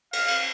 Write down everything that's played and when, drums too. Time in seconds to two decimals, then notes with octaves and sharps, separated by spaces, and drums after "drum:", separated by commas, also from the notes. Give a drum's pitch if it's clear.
0.13 F5, drum: cymbal
0.28 drum: cymbal